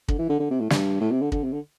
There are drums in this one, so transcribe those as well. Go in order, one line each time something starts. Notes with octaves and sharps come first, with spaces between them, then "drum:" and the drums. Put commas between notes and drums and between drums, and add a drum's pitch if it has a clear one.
D3, drum: kick
E3
D3
D3
C3
A2
G2, drum: snare
A2
C3
D3
D3, drum: kick
C3
D3